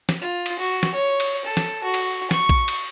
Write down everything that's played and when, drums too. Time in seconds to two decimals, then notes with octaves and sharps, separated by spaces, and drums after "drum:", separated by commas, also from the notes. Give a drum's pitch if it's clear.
0.09 drum: snare
0.22 F4
0.46 drum: cymbal
0.60 F#4
0.83 drum: snare
0.95 C#5
1.20 drum: cymbal
1.45 A4
1.57 drum: snare
1.84 F#4
1.94 drum: cymbal
2.31 C#6, drum: snare
2.49 drum: kick A#1
2.68 drum: cymbal